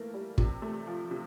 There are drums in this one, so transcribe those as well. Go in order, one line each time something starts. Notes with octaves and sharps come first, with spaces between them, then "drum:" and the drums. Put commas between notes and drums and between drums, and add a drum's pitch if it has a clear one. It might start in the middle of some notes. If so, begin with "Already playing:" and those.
Already playing: E3 A3 A#3
G3
C3, drum: kick
A3
F3
C3